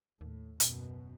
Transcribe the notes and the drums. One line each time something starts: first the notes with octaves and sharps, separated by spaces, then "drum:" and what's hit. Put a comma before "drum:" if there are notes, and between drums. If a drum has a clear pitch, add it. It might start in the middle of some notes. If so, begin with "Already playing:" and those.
D#2 A2
F#1 F#2 B2, drum: hi-hat